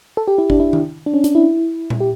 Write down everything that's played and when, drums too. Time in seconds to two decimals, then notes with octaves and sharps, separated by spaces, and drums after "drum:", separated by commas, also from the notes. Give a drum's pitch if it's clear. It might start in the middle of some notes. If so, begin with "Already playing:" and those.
0.17 A4
0.28 G4
0.38 E4
0.50 D4, drum: kick G1
0.60 E4
0.73 drum: tom D#3
1.06 D4
1.14 C#4
1.24 D4, drum: hi-hat
1.35 E4
1.90 drum: tom A#2
2.00 G4